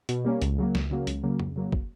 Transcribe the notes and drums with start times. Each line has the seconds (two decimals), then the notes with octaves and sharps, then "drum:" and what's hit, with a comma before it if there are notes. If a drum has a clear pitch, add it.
0.09 B2, drum: hi-hat
0.25 G3 A#3 C#4
0.42 C#2, drum: hi-hat
0.58 C#3 F#3 A#3
0.75 C#2, drum: snare
0.91 C#3 F#3 A#3
1.07 C#2, drum: hi-hat
1.23 C#3 F#3 A#3
1.40 C#2, drum: tom F2
1.56 C#3 F#3 A#3
1.72 drum: kick